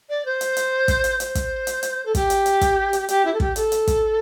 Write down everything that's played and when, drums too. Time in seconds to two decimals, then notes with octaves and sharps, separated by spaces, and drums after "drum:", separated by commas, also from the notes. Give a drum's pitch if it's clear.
0.09 D5
0.25 C5
0.41 drum: hi-hat
0.57 drum: hi-hat
0.88 drum: kick, hi-hat
1.04 drum: hi-hat
1.20 C5, drum: hi-hat
1.35 drum: kick, hi-hat
1.67 drum: hi-hat
1.83 drum: hi-hat
2.05 A4
2.15 G4, drum: kick, hi-hat
2.30 drum: hi-hat
2.46 drum: hi-hat
2.61 drum: kick, hi-hat
2.93 drum: hi-hat
3.09 G4, drum: hi-hat
3.25 E4
3.33 A4
3.40 G4, drum: kick
3.56 A4, drum: hi-hat
3.72 drum: hi-hat
3.87 drum: kick, hi-hat